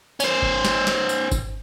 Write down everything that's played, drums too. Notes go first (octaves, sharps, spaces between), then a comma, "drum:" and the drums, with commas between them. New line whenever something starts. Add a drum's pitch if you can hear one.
C#4 C5, drum: tambourine
drum: kick G#1
drum: snare
drum: snare
drum: tambourine
drum: kick G#1, tambourine